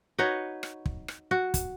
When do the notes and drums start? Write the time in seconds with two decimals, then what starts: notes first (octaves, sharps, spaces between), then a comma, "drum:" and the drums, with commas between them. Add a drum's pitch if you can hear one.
0.19 D#4 F#4 B4 C#5
0.63 drum: rim click
0.86 drum: kick
1.08 drum: rim click
1.31 F#4
1.54 drum: kick, hi-hat